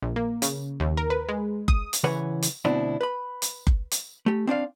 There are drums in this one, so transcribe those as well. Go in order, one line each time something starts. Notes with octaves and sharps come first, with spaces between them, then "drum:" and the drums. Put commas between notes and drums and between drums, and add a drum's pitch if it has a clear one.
A#1
A#3
C#3, drum: hi-hat
D#2
A#4
B4
G#3
D#6, drum: kick F#1
drum: hi-hat
C#3 E3 B4 C#5 F#5
drum: hi-hat
D2 B2 C4 D4 E4
B4 B5
drum: hi-hat
drum: kick F#1
drum: hi-hat
A3 G4
C4 D4 D5 F5